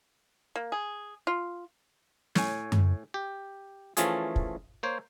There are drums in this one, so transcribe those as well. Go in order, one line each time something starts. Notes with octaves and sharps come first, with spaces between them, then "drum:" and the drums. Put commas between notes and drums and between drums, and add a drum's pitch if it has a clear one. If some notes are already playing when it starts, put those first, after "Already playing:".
A#3
G#4
F4
A2 C#5 G#5, drum: snare
drum: tom F#2
G4
E3 F3 A3 C#4 F4 G#4, drum: hi-hat
drum: kick
A#3 C5 C#5